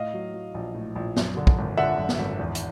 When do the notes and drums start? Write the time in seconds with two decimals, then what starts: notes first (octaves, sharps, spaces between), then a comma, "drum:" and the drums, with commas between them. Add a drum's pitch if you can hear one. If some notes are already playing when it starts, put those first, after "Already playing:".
Already playing: A2 D#5 F5
0.14 F#3
0.34 F#3
0.55 A#1
0.74 A2
0.96 A#1
1.16 F#2, drum: snare
1.37 D3
1.47 drum: kick
1.58 G#1
1.78 D3 E5 F#5
1.99 F#2
2.09 drum: snare
2.19 G#1
2.39 E2
2.55 drum: hi-hat